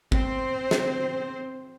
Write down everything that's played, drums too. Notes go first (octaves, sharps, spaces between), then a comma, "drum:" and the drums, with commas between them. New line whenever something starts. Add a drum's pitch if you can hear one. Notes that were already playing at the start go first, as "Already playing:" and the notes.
C4 C5, drum: kick
drum: snare